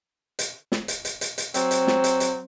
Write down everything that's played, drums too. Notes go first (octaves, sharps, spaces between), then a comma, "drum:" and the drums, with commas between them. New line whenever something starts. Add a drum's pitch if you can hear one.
drum: hi-hat
drum: snare
drum: hi-hat
drum: hi-hat
drum: hi-hat
drum: hi-hat
F#3 C4, drum: hi-hat
drum: hi-hat
drum: snare
drum: hi-hat
drum: hi-hat